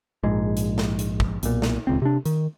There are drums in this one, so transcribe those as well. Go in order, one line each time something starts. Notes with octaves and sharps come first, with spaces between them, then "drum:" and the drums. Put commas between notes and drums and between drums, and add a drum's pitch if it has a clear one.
A#1 G#2 G#3
drum: hi-hat
drum: snare
drum: hi-hat
drum: kick
B1 A#2, drum: hi-hat
drum: snare
D#1 C#2 C4
C3 D4
D#3, drum: hi-hat